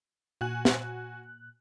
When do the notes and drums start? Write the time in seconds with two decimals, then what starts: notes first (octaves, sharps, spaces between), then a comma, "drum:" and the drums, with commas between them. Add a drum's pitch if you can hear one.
0.41 A#2 F#4 G#5 F#6
0.65 drum: snare